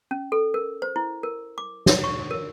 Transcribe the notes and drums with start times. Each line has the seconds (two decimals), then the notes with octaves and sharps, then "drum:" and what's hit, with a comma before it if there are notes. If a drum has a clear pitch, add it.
0.11 C#4
0.32 A4
0.54 A#4
0.82 C5
0.96 E4
1.23 A#4
1.58 D6
1.86 drum: snare
2.04 C#6
2.31 A#4